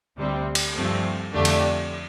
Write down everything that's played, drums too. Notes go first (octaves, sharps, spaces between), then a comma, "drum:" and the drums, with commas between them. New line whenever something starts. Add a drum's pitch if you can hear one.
D2 C3 G3 C4
drum: cymbal
G2 F3 A3 C4
F2 D3 A3 D4 G4
drum: cymbal